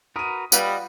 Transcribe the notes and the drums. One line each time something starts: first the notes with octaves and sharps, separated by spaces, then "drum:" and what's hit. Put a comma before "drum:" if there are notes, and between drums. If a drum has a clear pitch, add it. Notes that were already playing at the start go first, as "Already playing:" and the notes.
F#4 A#4 B4 D#6 D#7
G3 F4 B4 D#5 F5 F#5, drum: tambourine